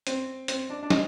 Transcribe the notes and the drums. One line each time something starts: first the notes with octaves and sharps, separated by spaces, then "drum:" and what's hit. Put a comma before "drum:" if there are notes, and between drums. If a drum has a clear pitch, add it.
C4, drum: hi-hat
C4, drum: hi-hat
D4
D4
D#4, drum: snare